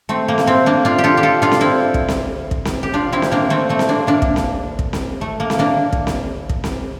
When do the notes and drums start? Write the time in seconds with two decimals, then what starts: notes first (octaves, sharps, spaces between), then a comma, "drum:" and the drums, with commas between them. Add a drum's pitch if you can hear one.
0.09 A3 C4
0.28 A#3
0.38 drum: snare C4
0.47 A3 C4
0.66 A#3 D4
0.85 D4 F4
0.98 G4
1.04 F4 A4
1.17 G4
1.23 F4 A4
1.42 D4 F4
1.52 drum: snare C4
1.61 C4 E4
1.94 drum: kick
2.08 drum: snare C4
2.51 drum: kick
2.65 drum: snare C4
2.83 G4
2.94 D4 F4
3.13 C4 E4
3.22 drum: snare C4
3.31 A#3 D4
3.50 A3 C4
3.69 A3 C4
3.79 drum: snare C4
3.89 A#3 D4
4.07 A#3 D4
4.22 drum: kick
4.36 drum: snare C4
4.79 drum: kick
4.93 drum: snare C4
5.21 A3
5.40 A#3
5.50 drum: snare C4
5.59 A#3 D4
5.93 drum: kick
6.07 drum: snare C4
6.49 drum: kick
6.64 drum: snare C4